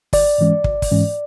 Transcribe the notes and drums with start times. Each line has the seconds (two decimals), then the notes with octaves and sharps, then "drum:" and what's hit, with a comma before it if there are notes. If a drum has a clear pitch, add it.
0.13 G#1 D5, drum: kick, open hi-hat
0.38 G#2 E3 G#3 C#4
0.64 G#1, drum: kick
0.82 drum: kick, open hi-hat
0.91 G#2 E3 G#3 C#4